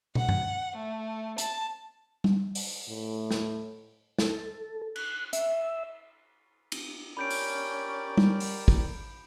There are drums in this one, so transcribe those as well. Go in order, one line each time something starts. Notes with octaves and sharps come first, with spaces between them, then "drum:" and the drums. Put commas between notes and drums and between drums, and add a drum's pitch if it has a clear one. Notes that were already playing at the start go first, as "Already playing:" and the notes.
F#5, drum: tom
drum: tom G2
A3
A5, drum: hi-hat
drum: tom G3
drum: open hi-hat
A2
drum: snare
A4, drum: snare
F#6, drum: cymbal
E5, drum: hi-hat
drum: cymbal
C#4 G4 A#4 D5 B5 G6 D7
drum: open hi-hat
drum: tom G3
drum: open hi-hat
drum: kick